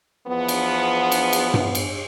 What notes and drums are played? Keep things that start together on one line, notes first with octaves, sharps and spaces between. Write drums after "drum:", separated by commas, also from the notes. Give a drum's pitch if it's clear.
E2 F3 B3
drum: cymbal
drum: cymbal
drum: cymbal
drum: tom G2
drum: cymbal